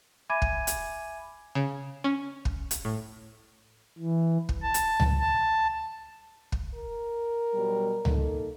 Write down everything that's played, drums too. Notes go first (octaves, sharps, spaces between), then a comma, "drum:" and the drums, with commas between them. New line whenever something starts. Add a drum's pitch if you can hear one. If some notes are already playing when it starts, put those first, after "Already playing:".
E5 G#5 B5 D6 G#6 D#7
drum: kick
drum: hi-hat
C#3
C#4
drum: kick
drum: hi-hat
A2
E3
drum: kick
A5
drum: hi-hat
drum: tom C#2
A5
drum: kick
A#4
B2 F#3 G3
A#3 D#4 A4, drum: tom C#2